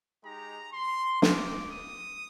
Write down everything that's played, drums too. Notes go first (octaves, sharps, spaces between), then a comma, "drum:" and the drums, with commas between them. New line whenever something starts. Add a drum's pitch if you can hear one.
G#3 D#4 G4 A#5
C6
A#3 D#4 G4 D6, drum: snare
D#6